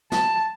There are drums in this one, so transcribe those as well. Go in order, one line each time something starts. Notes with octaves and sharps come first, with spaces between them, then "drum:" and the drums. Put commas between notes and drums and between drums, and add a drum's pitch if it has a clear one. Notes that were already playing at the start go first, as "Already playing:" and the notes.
A5, drum: snare